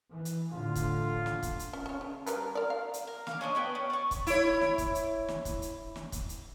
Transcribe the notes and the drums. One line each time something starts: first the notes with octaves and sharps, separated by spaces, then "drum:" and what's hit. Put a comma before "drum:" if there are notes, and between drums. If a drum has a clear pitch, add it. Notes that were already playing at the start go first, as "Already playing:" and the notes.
E3
drum: hi-hat
A2 D3 F4
drum: kick, hi-hat
drum: snare
drum: kick, hi-hat
drum: hi-hat
C#4
C#4 C#5
C#3
G3 A#4 B4, drum: hi-hat
A#4 D5
F5
drum: hi-hat
A#4
F5 D6, drum: snare
C#4 D4 D5 D#5
B3 B4 G5
C#4
D5 C#6
drum: kick, hi-hat
E4 C#5, drum: hi-hat
drum: snare
drum: kick, hi-hat
drum: hi-hat
drum: snare
drum: kick, hi-hat
drum: hi-hat
drum: snare
drum: kick, hi-hat
drum: hi-hat